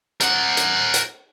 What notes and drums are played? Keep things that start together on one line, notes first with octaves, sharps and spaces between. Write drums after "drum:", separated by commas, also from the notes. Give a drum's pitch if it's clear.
A#4 F#5, drum: hi-hat
drum: hi-hat
drum: hi-hat